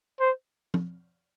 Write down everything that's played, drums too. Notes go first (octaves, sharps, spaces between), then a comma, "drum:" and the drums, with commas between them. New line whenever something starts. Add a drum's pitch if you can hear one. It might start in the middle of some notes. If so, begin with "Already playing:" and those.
C5
drum: tom F3